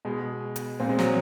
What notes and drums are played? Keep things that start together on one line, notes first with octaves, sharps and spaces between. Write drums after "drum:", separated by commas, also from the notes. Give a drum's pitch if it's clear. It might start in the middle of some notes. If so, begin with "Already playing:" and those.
B2 G#3
drum: hi-hat
A#2 C4
G#3
F#3, drum: snare